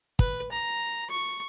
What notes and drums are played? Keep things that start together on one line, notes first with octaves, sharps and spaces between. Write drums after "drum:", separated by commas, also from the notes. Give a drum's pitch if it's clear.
B4, drum: kick
A#5
C#6